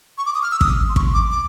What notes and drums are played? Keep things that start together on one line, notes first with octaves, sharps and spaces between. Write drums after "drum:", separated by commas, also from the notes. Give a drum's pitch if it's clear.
C#6
D6
D#6
F6
E6
D#6, drum: kick
C6
C#6, drum: kick
D6
D6